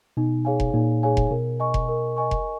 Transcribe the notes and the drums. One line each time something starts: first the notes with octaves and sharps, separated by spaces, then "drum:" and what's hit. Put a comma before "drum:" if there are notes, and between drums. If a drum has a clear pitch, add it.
B2 D#4
G#4 C#5 F5 G#5
drum: kick F1
A#2 D#4
G#4 C#5 F5 G#5
drum: kick F1
B2 A#4
D#5 G#5 C#6
drum: kick F1
A#4
D#5 G#5 C#6
drum: kick F1